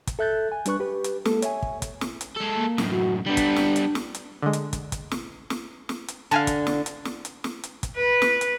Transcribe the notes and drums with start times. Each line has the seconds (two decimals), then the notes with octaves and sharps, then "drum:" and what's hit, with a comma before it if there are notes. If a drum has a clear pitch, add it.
0.07 drum: kick, hi-hat
0.19 A4 E5 F#6 G6 A6
0.52 G#5
0.66 G3 D4 B4 C#6 F#6, drum: hi-hat
0.80 G4 B4
1.04 drum: hi-hat
1.25 G#3 A#3 A4, drum: snare
1.42 C#5 E5 G#5, drum: hi-hat
1.63 drum: kick
1.82 drum: kick, hi-hat
2.01 drum: snare
2.21 drum: hi-hat
2.36 G#3 A4
2.55 A#3
2.78 F#2 A2, drum: snare
2.90 F#4
3.26 G3 B3 D4
3.37 drum: kick, hi-hat
3.56 drum: snare
3.76 drum: hi-hat
3.95 drum: snare
4.15 drum: hi-hat
4.42 D3 G#3
4.53 drum: hi-hat
4.73 drum: kick, hi-hat
4.92 drum: kick, hi-hat
5.11 drum: snare
5.50 drum: snare
5.89 drum: snare
6.08 drum: hi-hat
6.31 D3 F5 G#5 A5
6.47 drum: kick, hi-hat
6.67 drum: snare
6.86 drum: hi-hat
7.05 drum: snare
7.25 drum: hi-hat
7.44 drum: snare
7.64 drum: hi-hat
7.83 drum: kick, hi-hat
7.96 B4
8.22 drum: snare
8.41 drum: hi-hat